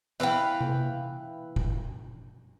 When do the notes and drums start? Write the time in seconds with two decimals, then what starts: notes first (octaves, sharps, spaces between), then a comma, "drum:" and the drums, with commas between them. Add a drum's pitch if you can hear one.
0.20 E3 B4 F5 G5
0.61 drum: tom C3
1.56 drum: kick